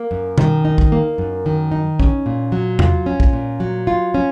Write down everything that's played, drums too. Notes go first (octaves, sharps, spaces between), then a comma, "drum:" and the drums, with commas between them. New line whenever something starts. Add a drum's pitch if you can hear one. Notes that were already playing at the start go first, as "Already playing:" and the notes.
Already playing: A#3
F#2
D#3, drum: tom B2
D#4
drum: kick
A#3
F#2
D#3
D#4
C#4, drum: kick
A#2
F#3
F4, drum: tom E2
C#4
drum: kick
A#2
F#3
F4
C#4